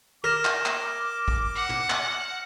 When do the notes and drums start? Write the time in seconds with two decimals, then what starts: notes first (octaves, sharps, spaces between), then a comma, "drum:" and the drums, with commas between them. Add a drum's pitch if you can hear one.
0.24 A#4 D6 F6 A#6 E7
0.45 drum: clap
0.66 drum: clap
1.28 drum: kick
1.56 F#5
1.69 drum: tom
1.90 drum: clap